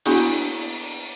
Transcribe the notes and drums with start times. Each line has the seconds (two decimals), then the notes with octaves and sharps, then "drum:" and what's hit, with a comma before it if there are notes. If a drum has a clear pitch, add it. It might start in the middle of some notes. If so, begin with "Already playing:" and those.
0.06 A#3 B3 D4 E4 F#4 G#4, drum: open hi-hat